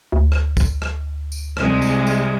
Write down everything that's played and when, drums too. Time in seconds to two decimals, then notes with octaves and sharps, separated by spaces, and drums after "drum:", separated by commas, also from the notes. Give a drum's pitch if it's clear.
0.12 D2
0.32 drum: rim click
0.57 drum: kick, tambourine
0.82 drum: rim click
1.32 drum: tambourine
1.57 C2 G#3, drum: rim click
1.82 drum: tambourine
2.07 drum: tambourine